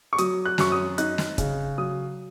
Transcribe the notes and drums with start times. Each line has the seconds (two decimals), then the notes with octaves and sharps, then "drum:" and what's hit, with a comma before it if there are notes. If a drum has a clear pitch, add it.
0.13 C#6
0.18 F#3 D#6, drum: hi-hat
0.45 F#6
0.58 F#2 C#6, drum: snare
0.72 D#6
0.98 D#4 F#6, drum: hi-hat
1.18 drum: snare
1.38 C#3, drum: kick, hi-hat
1.78 F#3 D#6